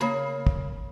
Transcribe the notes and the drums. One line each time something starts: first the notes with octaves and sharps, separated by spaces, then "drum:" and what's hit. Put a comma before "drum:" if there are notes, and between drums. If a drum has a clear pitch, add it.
C#3 A#3 B5
drum: kick